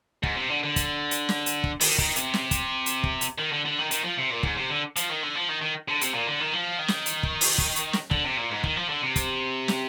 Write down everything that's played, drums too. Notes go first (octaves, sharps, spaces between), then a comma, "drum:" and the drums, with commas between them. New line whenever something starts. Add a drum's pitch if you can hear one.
G#2, drum: kick
C3
D3
D3
drum: kick, hi-hat
drum: hi-hat
drum: snare
drum: hi-hat
drum: kick
D#3, drum: open hi-hat
D#3, drum: kick
C3, drum: hi-hat
drum: snare
drum: kick, hi-hat
drum: hi-hat
drum: kick
drum: hi-hat
D#3
D3
D3
D#3
D#3, drum: hi-hat
F3
C3
A#2
G#2, drum: kick
C3
D3
F3, drum: hi-hat
D#3
D3
F3
D#3
D#3
D3
C3, drum: hi-hat
A#2
D3
D#3
F3
D#3
drum: snare
drum: hi-hat
drum: kick
drum: open hi-hat
drum: kick
drum: hi-hat
drum: snare
D3, drum: kick
C3
A#2
G#2
D#3, drum: kick
F3
D3
C3
drum: kick, hi-hat
drum: snare